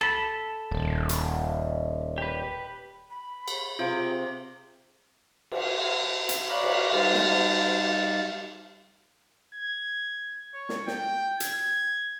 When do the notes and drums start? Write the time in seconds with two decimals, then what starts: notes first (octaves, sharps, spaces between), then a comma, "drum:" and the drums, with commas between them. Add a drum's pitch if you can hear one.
0.01 A4 B5, drum: rim click
0.71 D#1
1.09 drum: hi-hat
2.18 G4 B4
3.10 B5
3.48 drum: cymbal
3.79 C3 F4 G#4 F5 D7
5.51 drum: cymbal
6.29 drum: hi-hat
6.50 C#5 D5 F5 A#5 B5 F#6
6.63 drum: cymbal
6.93 G3 D#4 F5 A6, drum: cymbal
7.14 drum: snare
9.55 G#6
10.54 C#5
10.69 drum: snare
10.87 G5, drum: snare
11.40 G#6, drum: hi-hat